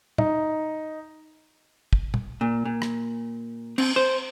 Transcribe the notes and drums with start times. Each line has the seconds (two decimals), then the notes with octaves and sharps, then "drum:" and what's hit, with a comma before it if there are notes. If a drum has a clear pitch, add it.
0.18 D#4, drum: tom
1.93 drum: kick
2.14 drum: tom
2.41 A#2
2.65 A#2
2.82 drum: rim click
3.78 C4, drum: cymbal
3.96 C5